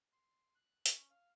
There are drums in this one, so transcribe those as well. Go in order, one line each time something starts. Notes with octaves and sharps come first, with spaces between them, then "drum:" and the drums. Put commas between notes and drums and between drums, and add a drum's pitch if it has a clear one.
C6
F#6
C#4, drum: hi-hat
F5